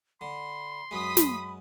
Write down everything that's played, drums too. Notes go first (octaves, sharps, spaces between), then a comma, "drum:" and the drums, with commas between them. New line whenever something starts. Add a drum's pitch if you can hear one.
D3 B5 C6
F#2 G#3 B5 D#6 B6
drum: snare